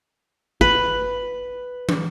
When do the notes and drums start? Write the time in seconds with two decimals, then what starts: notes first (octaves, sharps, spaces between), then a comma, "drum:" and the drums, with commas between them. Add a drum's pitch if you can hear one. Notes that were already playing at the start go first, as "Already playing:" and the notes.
0.61 B4, drum: kick
1.89 drum: tom